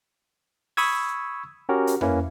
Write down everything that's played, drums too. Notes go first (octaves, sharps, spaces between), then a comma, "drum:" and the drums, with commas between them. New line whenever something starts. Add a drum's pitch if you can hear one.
B5 C#6 D#6 E6 G#6, drum: open hi-hat
C#4 F#4 G4 A#4
drum: hi-hat
A#3 C#4 E4 B4, drum: tom F2